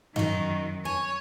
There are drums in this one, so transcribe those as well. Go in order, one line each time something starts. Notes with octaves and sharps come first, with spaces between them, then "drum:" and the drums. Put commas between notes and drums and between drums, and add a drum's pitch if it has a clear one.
F#2 D#3 D#4 F#4, drum: tom G2
C#5 G#5